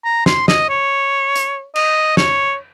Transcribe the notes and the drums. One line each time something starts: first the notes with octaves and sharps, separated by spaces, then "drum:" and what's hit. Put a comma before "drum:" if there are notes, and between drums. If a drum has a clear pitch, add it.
A#5
C6, drum: snare
D#5, drum: snare
C#5
drum: hi-hat
D#5, drum: cymbal
C#5, drum: snare